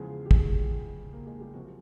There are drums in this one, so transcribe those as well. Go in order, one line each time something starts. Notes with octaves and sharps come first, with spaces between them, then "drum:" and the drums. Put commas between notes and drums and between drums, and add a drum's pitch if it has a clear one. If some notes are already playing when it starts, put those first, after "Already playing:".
Already playing: E2 C#3 F3 G#3 G#4
G4
G#3 G#4, drum: kick
A#3 A#4
G#3 G#4
G3 G4
C3 F3 F#3 F#4